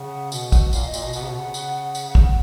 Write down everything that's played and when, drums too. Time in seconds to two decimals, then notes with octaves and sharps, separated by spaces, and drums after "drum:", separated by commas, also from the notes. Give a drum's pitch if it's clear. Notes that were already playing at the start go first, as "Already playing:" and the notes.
Already playing: C#3 F#5
0.32 B2, drum: tambourine
0.52 drum: kick, tambourine
0.73 A#2 F5, drum: tambourine
0.86 D#5
0.94 A#2, drum: tambourine
1.00 B2 D#5
1.13 B2 F#5, drum: tambourine
1.22 C#3
1.27 B2
1.41 C#3
1.54 drum: tambourine
1.95 drum: tambourine
2.15 drum: kick